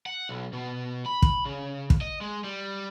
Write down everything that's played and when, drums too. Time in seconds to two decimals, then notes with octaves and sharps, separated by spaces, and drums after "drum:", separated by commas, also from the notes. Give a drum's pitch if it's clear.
0.06 F#5
0.29 B1
0.53 B2
1.06 B5
1.22 drum: kick
1.45 C#3
1.90 drum: kick
2.01 D#5
2.21 G#3
2.44 G3